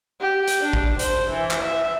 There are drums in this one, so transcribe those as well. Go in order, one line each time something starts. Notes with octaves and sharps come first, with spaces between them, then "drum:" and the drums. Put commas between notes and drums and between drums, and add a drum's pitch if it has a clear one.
G4
drum: hi-hat
D4
drum: kick A1
C5, drum: hi-hat
E3
drum: clap
E5